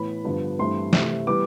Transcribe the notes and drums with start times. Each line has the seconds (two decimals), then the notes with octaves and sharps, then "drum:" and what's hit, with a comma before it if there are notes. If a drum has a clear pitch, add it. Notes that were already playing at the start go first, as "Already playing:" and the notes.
Already playing: A2 E3 B3 B5
0.24 G2 D3 F3 B3
0.59 G2 E3 A3 C4 C6
0.93 C3 E3 A3, drum: snare
1.27 E3 G3 B3 D6